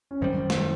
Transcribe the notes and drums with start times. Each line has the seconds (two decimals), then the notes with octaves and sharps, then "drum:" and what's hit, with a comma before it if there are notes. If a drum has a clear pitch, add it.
0.11 C#4
0.21 F#2 D#3 G3 C4
0.50 drum: snare